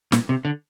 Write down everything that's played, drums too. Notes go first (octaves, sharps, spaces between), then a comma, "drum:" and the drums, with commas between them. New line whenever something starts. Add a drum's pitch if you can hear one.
A#2, drum: snare
C3
D3